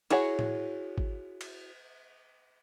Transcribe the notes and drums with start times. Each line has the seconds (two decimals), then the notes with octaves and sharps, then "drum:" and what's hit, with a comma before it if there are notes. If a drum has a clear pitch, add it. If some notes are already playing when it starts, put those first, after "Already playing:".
0.11 E4 F#4 G#4 C#5 F#5, drum: cymbal
0.39 drum: tom A2
0.98 drum: kick G#1
1.41 drum: cymbal